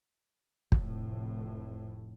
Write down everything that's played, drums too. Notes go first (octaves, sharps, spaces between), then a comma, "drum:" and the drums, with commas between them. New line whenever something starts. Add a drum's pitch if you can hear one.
F1 A2, drum: kick